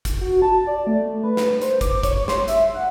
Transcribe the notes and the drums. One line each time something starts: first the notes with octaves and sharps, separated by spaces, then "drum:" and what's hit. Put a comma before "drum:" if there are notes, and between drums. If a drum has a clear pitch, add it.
drum: kick, hi-hat
F#4
A5
D5
A3
B4
drum: snare
C5, drum: hi-hat
D6, drum: kick, hi-hat
C#5, drum: kick, hi-hat
C6, drum: snare
E5, drum: hi-hat
F#5